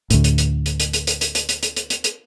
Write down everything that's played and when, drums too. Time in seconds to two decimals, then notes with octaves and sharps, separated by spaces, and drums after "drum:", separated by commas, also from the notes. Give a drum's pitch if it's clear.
0.10 D2 A2, drum: hi-hat
0.24 drum: hi-hat
0.38 drum: hi-hat
0.66 drum: hi-hat
0.80 drum: hi-hat
0.93 drum: hi-hat
1.07 drum: hi-hat
1.21 drum: hi-hat
1.35 drum: hi-hat
1.49 drum: hi-hat
1.63 drum: hi-hat
1.76 drum: hi-hat
1.90 drum: hi-hat
2.04 drum: hi-hat